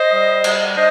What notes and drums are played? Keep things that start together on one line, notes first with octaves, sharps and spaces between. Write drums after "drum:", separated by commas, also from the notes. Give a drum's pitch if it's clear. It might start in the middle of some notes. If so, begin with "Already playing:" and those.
Already playing: C5 D#5
G3
G3, drum: cymbal
D4 C5 D#5